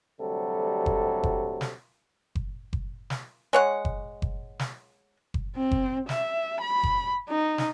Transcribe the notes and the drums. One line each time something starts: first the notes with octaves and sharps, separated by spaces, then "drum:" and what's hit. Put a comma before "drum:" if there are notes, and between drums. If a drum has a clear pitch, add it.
D2 C3 F#3 G3 A4
drum: kick F#1
drum: kick F#1
drum: snare
drum: kick F#1
drum: kick F#1
drum: snare
G#3 C#5 F#5
drum: kick F#1
drum: kick F#1
drum: snare
drum: kick F#1
C4
drum: kick F#1
E5, drum: snare
B5
drum: kick F#1
D#4
drum: snare